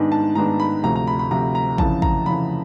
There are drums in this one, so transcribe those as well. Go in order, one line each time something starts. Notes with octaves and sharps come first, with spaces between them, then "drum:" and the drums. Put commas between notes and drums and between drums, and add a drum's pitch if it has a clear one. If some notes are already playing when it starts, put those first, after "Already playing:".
Already playing: G#2 D#3 G#3 B3 D4
A5
G#2 D#3 G#3 B3 D4 A#5
B5
D2 C3 F3 A#5
A#5
B5
B5
D2 C3 F3 A#5
A#5
F2 C#3 E3 A5, drum: kick
A#5, drum: kick
F2 C#3 E3 B5